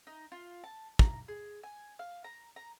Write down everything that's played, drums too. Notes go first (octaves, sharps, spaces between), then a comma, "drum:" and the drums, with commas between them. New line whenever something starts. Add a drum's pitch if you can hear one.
D#4
F4
A5
A#5, drum: kick
G#4
G#5
F5
A#5
A#5